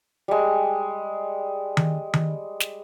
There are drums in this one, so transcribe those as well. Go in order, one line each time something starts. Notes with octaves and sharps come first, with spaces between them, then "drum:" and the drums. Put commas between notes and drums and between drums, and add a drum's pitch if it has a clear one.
G3 G#3
drum: tom D#3
drum: tom D#3
drum: snare